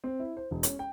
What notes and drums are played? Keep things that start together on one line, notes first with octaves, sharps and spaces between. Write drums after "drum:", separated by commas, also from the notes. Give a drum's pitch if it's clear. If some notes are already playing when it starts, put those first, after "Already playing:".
C4
E4
C5
E1
C#4, drum: hi-hat
G5